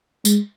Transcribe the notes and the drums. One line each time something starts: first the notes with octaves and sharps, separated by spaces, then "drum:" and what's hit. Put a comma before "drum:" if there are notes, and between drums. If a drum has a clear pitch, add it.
G#3, drum: tambourine